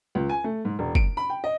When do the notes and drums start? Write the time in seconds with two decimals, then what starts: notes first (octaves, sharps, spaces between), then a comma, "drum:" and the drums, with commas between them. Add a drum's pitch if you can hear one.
0.15 C#2
0.29 G#5
0.44 A3
0.65 G#2
0.79 E1
0.95 D7, drum: kick
1.17 B5
1.30 G5
1.44 D#5